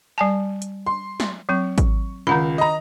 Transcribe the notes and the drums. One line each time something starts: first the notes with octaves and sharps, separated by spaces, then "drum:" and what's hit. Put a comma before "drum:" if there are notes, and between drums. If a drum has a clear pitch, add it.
G3 G#5 A5
drum: hi-hat
C6
drum: snare
F#3 C4 C#6
drum: kick G#1, hi-hat
C#2 D#3 F#5 B5
D#5 A#5